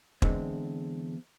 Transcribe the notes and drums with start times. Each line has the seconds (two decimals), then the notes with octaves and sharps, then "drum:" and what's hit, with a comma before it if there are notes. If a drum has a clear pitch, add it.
0.22 E2 D3 G#3 C4, drum: kick